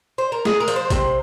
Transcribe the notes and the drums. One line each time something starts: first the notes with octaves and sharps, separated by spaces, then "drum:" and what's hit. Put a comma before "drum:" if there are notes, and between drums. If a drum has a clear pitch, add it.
C5
A#4
G#3 G#4, drum: snare
A#4
F3, drum: hi-hat
C5
C3, drum: kick A1, hi-hat